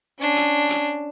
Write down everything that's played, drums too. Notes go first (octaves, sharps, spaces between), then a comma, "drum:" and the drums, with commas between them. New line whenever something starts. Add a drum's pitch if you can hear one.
C#4 D4
drum: hi-hat
drum: hi-hat